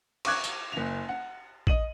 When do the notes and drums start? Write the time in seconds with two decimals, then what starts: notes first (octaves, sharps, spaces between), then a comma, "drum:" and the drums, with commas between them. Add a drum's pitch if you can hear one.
0.25 C#6 D6 F#6 G#6, drum: cymbal
0.44 drum: tambourine
0.72 F#1 F7
1.09 F#5
1.67 D#5 D#7 F#7, drum: kick